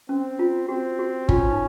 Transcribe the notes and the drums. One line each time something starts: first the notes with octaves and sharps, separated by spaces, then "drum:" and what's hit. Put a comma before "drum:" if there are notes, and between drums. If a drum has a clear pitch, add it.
C4 C#4
F4
C4 F#4
F#4
C#4 F4, drum: kick G1
D#4